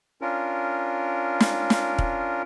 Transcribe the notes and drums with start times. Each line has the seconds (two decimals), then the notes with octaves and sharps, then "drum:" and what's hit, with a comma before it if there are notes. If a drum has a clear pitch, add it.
0.21 C#4 D4 F4 A#4
1.40 drum: snare
1.70 drum: snare
1.98 drum: kick